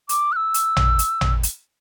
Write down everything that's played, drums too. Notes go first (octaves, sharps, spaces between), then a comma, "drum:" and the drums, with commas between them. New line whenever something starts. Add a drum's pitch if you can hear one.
D6, drum: hi-hat
F#6
E6
drum: hi-hat
drum: tom A1
drum: hi-hat
drum: tom A1
drum: hi-hat